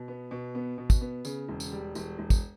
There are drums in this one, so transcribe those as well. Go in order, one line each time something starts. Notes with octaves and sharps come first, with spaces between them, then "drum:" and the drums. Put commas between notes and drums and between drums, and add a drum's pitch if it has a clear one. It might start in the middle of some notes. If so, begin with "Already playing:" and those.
Already playing: B2
B3
B2
B3
B2
drum: kick, tambourine
B3
C#3, drum: tambourine
E1
drum: tambourine
G3
E1, drum: tambourine
E1
drum: kick, tambourine